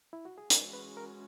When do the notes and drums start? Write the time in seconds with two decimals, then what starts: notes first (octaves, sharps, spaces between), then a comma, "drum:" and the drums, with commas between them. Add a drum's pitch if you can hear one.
0.13 E4
0.25 F#4
0.38 G#4
0.50 E3 G#3 C#4 F#4 A#4, drum: hi-hat
0.73 B4
0.97 A#4